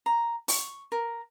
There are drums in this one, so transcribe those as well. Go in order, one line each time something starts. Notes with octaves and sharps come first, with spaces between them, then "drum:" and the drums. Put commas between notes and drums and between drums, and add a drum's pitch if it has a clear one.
A#5
C#6, drum: open hi-hat
A#4